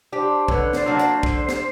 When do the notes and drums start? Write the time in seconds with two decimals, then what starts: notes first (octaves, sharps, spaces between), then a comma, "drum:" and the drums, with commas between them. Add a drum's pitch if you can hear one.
0.12 D4 G4 C5
0.48 D3 B4 C#5, drum: kick
0.73 C5 D5, drum: snare
0.86 F#3 A#3 D4 F#4
0.99 C5, drum: hi-hat
1.23 D3, drum: kick
1.49 drum: snare